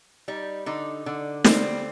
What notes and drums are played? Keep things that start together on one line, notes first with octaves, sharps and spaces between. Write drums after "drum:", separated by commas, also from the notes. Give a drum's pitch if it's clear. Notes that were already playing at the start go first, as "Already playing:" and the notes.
G3 D#4
D3 D#4
D3
G3 C4, drum: snare